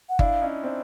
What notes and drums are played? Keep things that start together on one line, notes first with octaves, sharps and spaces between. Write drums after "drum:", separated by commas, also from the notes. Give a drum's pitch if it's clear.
F#5
D4 E4 F5, drum: kick G1
C#4 D#4
C4 D4